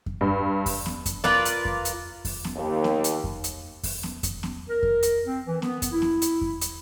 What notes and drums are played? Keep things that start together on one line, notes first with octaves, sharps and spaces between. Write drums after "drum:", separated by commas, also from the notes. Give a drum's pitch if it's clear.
drum: kick F2
G2
drum: kick F2, open hi-hat
drum: snare B3
drum: kick F2, hi-hat
F4 A#4 B4 D5, drum: snare B3
drum: hi-hat
drum: kick F2
drum: hi-hat
drum: kick F2, open hi-hat
drum: snare B3
D#2
drum: snare B3
drum: hi-hat
drum: kick F2
drum: hi-hat
drum: kick F2, open hi-hat
drum: snare B3
drum: kick F2, hi-hat
drum: snare B3
A#4
drum: kick F2
drum: hi-hat
C4
E3
B3, drum: snare B3
drum: kick F2, hi-hat
E4
drum: snare B3
drum: hi-hat
drum: kick F2
drum: hi-hat